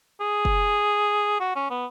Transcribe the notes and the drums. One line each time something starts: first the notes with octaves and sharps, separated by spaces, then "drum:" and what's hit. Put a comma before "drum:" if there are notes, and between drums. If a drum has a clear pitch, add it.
G#4
drum: kick
F#4
C#4
B3